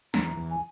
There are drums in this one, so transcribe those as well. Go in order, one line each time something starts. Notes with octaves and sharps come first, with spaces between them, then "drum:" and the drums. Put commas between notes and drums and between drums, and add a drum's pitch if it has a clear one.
E2 A#5, drum: snare
E2
G#5